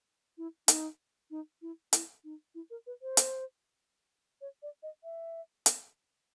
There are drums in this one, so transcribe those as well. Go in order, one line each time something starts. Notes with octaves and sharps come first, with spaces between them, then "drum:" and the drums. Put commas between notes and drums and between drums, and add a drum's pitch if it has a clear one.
E4
D#4, drum: hi-hat
D#4
E4
E4, drum: hi-hat
D#4
E4
A#4
B4
C5
drum: hi-hat
C#5
D5
D#5
E5
drum: hi-hat